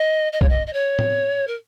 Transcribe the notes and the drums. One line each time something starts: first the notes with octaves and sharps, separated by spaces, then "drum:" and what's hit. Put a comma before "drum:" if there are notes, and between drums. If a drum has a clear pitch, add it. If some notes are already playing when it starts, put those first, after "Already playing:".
Already playing: D#5
D#5
C#5, drum: kick B1
D#5
D#5
C#5
drum: tom A2
A#4